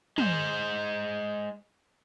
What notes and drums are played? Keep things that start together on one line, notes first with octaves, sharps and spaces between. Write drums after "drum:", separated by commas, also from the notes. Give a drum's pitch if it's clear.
G#3 C5, drum: tom